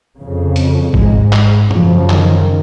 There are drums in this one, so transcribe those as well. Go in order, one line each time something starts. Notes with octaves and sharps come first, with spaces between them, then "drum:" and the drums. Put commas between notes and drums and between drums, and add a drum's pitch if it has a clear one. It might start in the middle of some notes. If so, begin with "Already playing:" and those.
F2 C#3
drum: hi-hat
G#2 G#3, drum: kick
drum: clap
F#2 C#3 F3, drum: tom G2
D#3, drum: clap